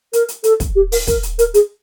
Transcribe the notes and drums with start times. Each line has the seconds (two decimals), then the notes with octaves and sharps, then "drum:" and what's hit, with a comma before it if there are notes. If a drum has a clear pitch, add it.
0.13 A#4, drum: hi-hat
0.28 drum: hi-hat
0.44 A4, drum: hi-hat
0.60 drum: kick, hi-hat
0.75 G4
0.92 A#4, drum: open hi-hat
1.07 A#4, drum: kick, hi-hat
1.23 drum: hi-hat
1.39 A#4, drum: hi-hat
1.54 G#4, drum: hi-hat